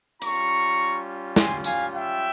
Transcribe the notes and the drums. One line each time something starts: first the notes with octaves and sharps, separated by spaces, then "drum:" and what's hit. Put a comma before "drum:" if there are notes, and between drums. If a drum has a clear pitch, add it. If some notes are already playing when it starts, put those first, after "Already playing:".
G3 C#4 F4 A#5 C#6, drum: hi-hat
G#5 C6, drum: snare
F5 G#5, drum: tambourine
E5 G5